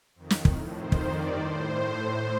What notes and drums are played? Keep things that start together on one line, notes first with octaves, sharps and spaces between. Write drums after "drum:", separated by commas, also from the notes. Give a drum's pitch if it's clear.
F2 D#3
drum: snare
A2, drum: kick
F2 D#3 C5
drum: kick
G2 D#3 D5
A2 C5
A2
A2 C5